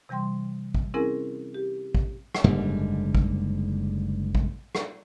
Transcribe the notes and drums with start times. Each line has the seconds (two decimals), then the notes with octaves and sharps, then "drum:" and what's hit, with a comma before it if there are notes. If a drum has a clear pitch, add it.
0.09 C3 E3 G3 G5 C6
0.74 drum: kick
0.94 C4 C#4 E4 G#4 A#4 G#5
1.55 G4
1.95 drum: kick
2.35 drum: rim click
2.44 F#1 G#2 D3 G3
3.15 drum: kick
4.35 drum: kick
4.75 drum: rim click